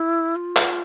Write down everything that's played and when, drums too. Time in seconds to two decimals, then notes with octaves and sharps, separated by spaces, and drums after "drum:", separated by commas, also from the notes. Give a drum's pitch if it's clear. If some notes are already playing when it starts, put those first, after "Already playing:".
Already playing: E4
0.36 F4
0.56 drum: clap